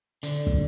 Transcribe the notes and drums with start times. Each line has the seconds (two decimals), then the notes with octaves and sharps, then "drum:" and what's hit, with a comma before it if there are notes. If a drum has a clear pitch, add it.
0.23 D3, drum: hi-hat
0.47 drum: kick